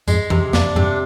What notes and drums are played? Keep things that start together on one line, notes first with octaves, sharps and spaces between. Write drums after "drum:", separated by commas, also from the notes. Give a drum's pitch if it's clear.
F2 G#2 G#3, drum: tambourine
F2 C3, drum: tom E3
F2 D4, drum: snare
F2 G#2 C3